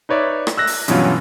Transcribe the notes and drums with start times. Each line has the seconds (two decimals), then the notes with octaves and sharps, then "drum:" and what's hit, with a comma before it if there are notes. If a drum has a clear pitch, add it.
0.09 D#4 B4 C#5 D5 E5
0.47 drum: rim click
0.57 E6 F#6 A#6
0.67 drum: open hi-hat
0.88 G2 B2 E3 F#3 C#4 F4, drum: hi-hat